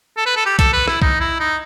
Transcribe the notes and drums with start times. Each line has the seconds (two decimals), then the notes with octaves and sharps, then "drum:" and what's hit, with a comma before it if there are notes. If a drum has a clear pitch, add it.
0.17 A4
0.26 B4
0.36 A4
0.46 G4
0.59 A4, drum: kick, hi-hat
0.73 B4
0.88 E4, drum: rim click
1.02 D#4, drum: kick
1.20 E4
1.40 D#4